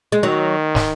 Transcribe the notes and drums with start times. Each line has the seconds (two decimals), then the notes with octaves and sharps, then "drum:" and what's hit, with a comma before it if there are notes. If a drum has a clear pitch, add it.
0.12 G#3
0.23 D#3 F#3
0.75 drum: snare